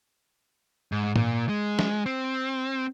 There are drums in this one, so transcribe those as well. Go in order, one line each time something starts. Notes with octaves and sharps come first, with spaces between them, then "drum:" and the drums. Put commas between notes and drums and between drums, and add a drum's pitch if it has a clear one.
G#2
A#2, drum: tom G#2
G#3
drum: snare
C4